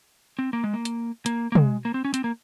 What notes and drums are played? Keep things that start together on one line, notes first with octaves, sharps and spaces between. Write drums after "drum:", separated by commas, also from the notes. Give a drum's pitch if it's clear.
C4
A#3
G#3
A#3
drum: hi-hat
A#3, drum: hi-hat
A#3
G#3, drum: tom
A#3
C4
C#4
C4, drum: hi-hat
A#3